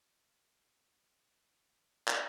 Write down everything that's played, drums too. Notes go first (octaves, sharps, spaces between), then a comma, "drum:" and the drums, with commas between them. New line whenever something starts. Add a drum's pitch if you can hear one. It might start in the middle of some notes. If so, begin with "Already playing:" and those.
G#2 D3 E3 B3
drum: clap